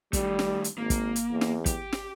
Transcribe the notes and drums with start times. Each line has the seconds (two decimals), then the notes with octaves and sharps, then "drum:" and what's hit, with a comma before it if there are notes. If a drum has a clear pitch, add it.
0.13 D#3 G3 A3, drum: kick, hi-hat
0.39 drum: snare
0.64 drum: hi-hat
0.78 G#1 A#3
0.90 drum: kick, hi-hat
1.16 drum: hi-hat
1.31 E2
1.41 drum: snare
1.66 G4, drum: kick, hi-hat
1.93 drum: snare